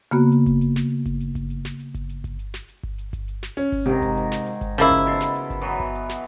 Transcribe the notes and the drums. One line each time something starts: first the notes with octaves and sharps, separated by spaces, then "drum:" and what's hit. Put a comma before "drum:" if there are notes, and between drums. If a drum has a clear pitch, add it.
C#3 A#3 B3 F#4
drum: hi-hat
drum: kick G1, hi-hat
drum: hi-hat
drum: snare
drum: kick G1, hi-hat
drum: hi-hat
drum: kick G1, hi-hat
drum: hi-hat
drum: snare
drum: hi-hat
drum: kick G1, hi-hat
drum: hi-hat
drum: kick G1, hi-hat
drum: hi-hat
drum: snare
drum: hi-hat
drum: kick G1
drum: hi-hat
drum: kick G1, hi-hat
drum: hi-hat
drum: snare
C#4, drum: hi-hat
drum: kick G1, hi-hat
G#2 C3 D#3, drum: hi-hat
drum: kick G1, hi-hat
drum: hi-hat
drum: snare
drum: hi-hat
drum: kick G1, hi-hat
C#3 F3 A#3 E4, drum: hi-hat
drum: kick G1, hi-hat
B2 A4 C6, drum: hi-hat
drum: snare
drum: hi-hat
drum: kick G1, hi-hat
E3 F#3 B3
drum: kick G1
drum: hi-hat
drum: snare